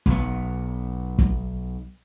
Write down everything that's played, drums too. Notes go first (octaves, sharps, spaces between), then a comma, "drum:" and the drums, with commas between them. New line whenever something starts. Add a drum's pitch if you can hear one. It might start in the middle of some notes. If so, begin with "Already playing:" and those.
B1 B3, drum: kick
drum: kick